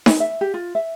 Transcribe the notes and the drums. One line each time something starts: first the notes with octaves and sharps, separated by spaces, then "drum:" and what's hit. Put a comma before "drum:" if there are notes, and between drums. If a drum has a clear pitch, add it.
B4, drum: snare D#4
E5
G4
F4
E5